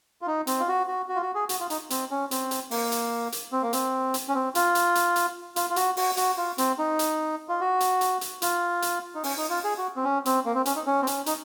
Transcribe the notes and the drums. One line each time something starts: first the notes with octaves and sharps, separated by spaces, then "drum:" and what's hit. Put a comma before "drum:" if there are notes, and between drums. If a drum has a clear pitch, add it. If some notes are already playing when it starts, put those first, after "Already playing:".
F4
D#4
C4, drum: hi-hat
F4
F#4
F#4
F#4
F4
F#4
G#4
F#4, drum: hi-hat
F4
D#4, drum: hi-hat
C4, drum: hi-hat
C#4
C4, drum: hi-hat
drum: hi-hat
A#3, drum: open hi-hat
drum: hi-hat
drum: hi-hat
C4
A#3
C4, drum: hi-hat
drum: hi-hat
C#4
C4
F4, drum: hi-hat
drum: hi-hat
drum: hi-hat
drum: hi-hat
F4, drum: hi-hat
F4
F#4, drum: hi-hat
F#4, drum: open hi-hat
F#4, drum: hi-hat
F4
C4, drum: hi-hat
D#4
drum: hi-hat
F4
F#4
drum: hi-hat
drum: hi-hat
drum: hi-hat
F4, drum: hi-hat
drum: hi-hat
D#4
C#4, drum: open hi-hat
D#4
F4
G#4
F#4
C4
C#4
C4, drum: hi-hat
A#3
C4
C#4, drum: hi-hat
D#4
C#4
C4
C#4, drum: hi-hat
D#4, drum: hi-hat